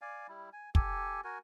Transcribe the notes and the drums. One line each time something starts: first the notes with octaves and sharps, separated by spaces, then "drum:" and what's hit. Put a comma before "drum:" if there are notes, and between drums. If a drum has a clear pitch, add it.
D5 F5 G#5
G3 E4
G#5
G4 A4 G#5, drum: kick
F#4 A#4 G#5